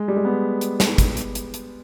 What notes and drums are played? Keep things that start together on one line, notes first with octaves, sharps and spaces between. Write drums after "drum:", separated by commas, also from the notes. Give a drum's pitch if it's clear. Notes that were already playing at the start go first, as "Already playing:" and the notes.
Already playing: G#3
G3
G#3
B3
drum: hi-hat
drum: snare
drum: kick, hi-hat
drum: hi-hat
drum: hi-hat
drum: hi-hat